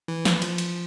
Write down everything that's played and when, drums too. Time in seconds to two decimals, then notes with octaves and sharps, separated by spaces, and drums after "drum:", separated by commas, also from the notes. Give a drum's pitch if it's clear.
0.08 E3
0.25 drum: snare
0.42 F3, drum: cymbal
0.58 drum: cymbal